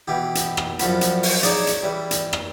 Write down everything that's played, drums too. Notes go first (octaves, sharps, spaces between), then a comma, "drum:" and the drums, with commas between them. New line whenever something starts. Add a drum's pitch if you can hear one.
B2 E3 G4
drum: hi-hat
drum: rim click
C2 F#2 F3 F#4 B5, drum: hi-hat
drum: hi-hat
drum: open hi-hat
D4 D#4 G#4 C#5 D5, drum: hi-hat
drum: hi-hat
E3 G3
drum: hi-hat
drum: rim click